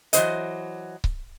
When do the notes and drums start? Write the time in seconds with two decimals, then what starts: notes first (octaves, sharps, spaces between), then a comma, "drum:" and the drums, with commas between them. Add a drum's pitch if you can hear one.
0.13 E3 F#3 C5 D#5, drum: hi-hat
1.04 drum: kick C#1